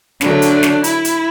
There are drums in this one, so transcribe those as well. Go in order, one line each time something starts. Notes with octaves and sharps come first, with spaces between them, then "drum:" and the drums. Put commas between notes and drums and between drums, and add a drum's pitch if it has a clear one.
D3 F#3 A3 D4, drum: snare
drum: hi-hat
drum: snare
E4, drum: hi-hat
drum: hi-hat